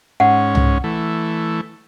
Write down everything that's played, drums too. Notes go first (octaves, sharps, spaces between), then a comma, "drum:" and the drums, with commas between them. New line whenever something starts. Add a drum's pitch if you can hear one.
G#2 C#4 F#5
drum: tom C2
E3 A3